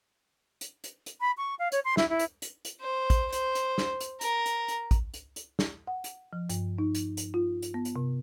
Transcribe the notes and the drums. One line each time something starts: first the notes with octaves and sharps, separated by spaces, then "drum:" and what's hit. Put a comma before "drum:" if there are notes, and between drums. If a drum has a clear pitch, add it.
drum: hi-hat
drum: hi-hat
drum: hi-hat
B5
C#6
F5
C#5, drum: hi-hat
C6
E4, drum: snare
E4
drum: hi-hat
drum: hi-hat
drum: hi-hat
C5
drum: kick, hi-hat
C5, drum: hi-hat
drum: hi-hat
drum: snare
drum: hi-hat
A#4, drum: hi-hat
drum: hi-hat
drum: hi-hat
drum: kick, hi-hat
drum: hi-hat
drum: hi-hat
drum: snare
F#5
drum: hi-hat
F3
G2, drum: hi-hat
D#4
drum: hi-hat
drum: hi-hat
F4
drum: hi-hat
B3
drum: hi-hat
C3